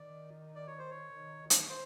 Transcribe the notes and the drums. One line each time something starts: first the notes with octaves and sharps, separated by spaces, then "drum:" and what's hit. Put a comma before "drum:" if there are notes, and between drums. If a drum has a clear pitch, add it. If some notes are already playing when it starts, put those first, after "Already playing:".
Already playing: D#3 D5
D5
C#5
C5
C#5
D#3
drum: hi-hat
C5